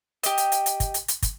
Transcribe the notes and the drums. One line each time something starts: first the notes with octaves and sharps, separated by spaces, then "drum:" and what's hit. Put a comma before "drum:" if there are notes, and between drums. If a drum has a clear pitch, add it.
G4 D#5, drum: hi-hat
drum: hi-hat
drum: hi-hat
drum: hi-hat
drum: kick, hi-hat
drum: hi-hat
drum: hi-hat
drum: kick, hi-hat